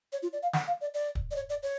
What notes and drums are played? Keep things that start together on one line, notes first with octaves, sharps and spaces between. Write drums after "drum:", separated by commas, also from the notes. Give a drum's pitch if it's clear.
C#5
F4
D5
F5
F#5, drum: snare
F5
D5
D5
drum: kick
D5
C#5
D5
C#5